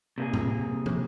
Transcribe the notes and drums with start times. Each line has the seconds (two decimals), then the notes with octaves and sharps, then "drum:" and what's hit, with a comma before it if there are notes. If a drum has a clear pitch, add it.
0.18 C3 A#3 G#4
0.33 drum: tom A2
0.86 drum: tom